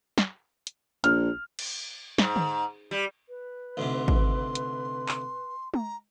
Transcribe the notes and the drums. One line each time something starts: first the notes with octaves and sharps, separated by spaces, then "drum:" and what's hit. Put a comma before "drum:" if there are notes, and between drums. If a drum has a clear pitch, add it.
drum: snare
drum: hi-hat
A#1 F6, drum: hi-hat
drum: cymbal
G#2, drum: snare
drum: tom D3
G3
B4
D2 G#2 C3 C6
drum: kick
drum: hi-hat
drum: clap
A#5, drum: tom